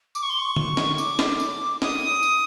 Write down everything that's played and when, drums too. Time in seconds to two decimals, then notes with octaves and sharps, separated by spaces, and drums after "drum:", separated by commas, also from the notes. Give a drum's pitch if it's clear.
0.15 D6, drum: tambourine
0.23 C#6
0.30 C6
0.38 C#6
0.56 drum: tom
0.77 drum: snare
0.98 D6, drum: tambourine
1.19 drum: snare
1.40 drum: tambourine
1.82 D#6, drum: snare
2.23 drum: tambourine